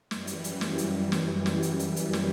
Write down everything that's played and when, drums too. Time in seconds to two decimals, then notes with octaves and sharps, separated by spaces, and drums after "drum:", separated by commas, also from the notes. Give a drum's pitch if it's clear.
0.11 F#2 E3 G3, drum: snare
0.27 drum: hi-hat
0.44 drum: hi-hat
0.61 drum: snare
0.78 drum: hi-hat
1.12 drum: snare
1.46 drum: snare
1.63 drum: hi-hat
1.79 drum: hi-hat
1.96 drum: hi-hat
2.13 drum: snare